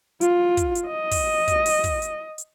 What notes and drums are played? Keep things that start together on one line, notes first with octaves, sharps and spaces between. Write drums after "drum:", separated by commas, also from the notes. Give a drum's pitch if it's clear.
F4, drum: hi-hat
drum: kick, hi-hat
drum: hi-hat
D#5
drum: kick, open hi-hat
drum: kick, hi-hat
drum: open hi-hat
drum: kick, hi-hat
drum: hi-hat
drum: hi-hat